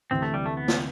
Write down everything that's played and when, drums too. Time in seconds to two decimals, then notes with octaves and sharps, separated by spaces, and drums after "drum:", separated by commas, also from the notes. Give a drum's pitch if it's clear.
0.11 D2 C3 E3 C4
0.22 A3
0.34 G3
0.46 A3
0.57 B3
0.68 drum: snare